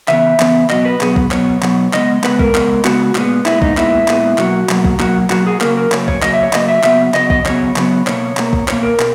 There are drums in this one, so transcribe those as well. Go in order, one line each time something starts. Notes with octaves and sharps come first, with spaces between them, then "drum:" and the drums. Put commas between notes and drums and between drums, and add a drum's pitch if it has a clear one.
C#3 E3 B3 E5, drum: clap
C#3 E3 B3, drum: clap
B2 F#3 B3 D#5, drum: clap
B4
B2 F#3 B3 G#4, drum: clap
drum: kick
B2 F#3 B3 C#5, drum: clap
B2 F#3 B3, drum: clap
C#3 G#3 B3 D#5, drum: clap
C#3 G#3 B3 B4, drum: clap
A#4, drum: kick
C#3 G#3 B3, drum: clap
C#3 G#3 B3 F#4, drum: clap
A#2 G#3 B3, drum: clap
A#2 G#3 B3 E4, drum: clap
D#4, drum: kick
A#2 G#3 B3 E4, drum: clap
A#2 G#3 B3, drum: clap
B2 F#3 A#3 F#4, drum: clap
B2 F#3 A#3, drum: clap
drum: kick
B2 F#3 A#3 F#4, drum: clap
B2 F#3 A#3 F#4, drum: clap
G#4
C#3 F#3 A#3 A#4, drum: clap
A#4
C#3 F#3 A#3 C#5, drum: clap
C#5, drum: kick
C#3 F#3 A#3 D#5, drum: clap
E5
C#5
C#3 F#3 A#3 D#5, drum: clap
E5
C#3 F#3 B3 E5, drum: clap
C#3 F#3 B3 D#5, drum: clap
D#5, drum: kick
C#3 F#3 B3 C#5, drum: clap
C#3 F#3 B3, drum: clap
B2 A#3 C#5, drum: clap
B2 A#3, drum: clap
drum: kick
B2 A#3 C#5, drum: clap
A#4
B2, drum: clap